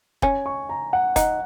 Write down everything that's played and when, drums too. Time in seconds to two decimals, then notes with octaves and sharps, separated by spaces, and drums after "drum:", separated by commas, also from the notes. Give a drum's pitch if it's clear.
0.22 C#4 G#5, drum: kick F1
0.46 C#6
0.69 A#5
0.93 F#5
1.16 D#4 F#5, drum: kick F1, hi-hat